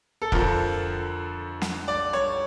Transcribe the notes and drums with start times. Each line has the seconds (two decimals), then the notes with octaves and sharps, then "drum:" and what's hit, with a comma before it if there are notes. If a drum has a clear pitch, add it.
0.22 A4
0.32 F2 D3 F3 A#4, drum: kick E1
1.62 drum: snare
1.88 D5
2.13 C#5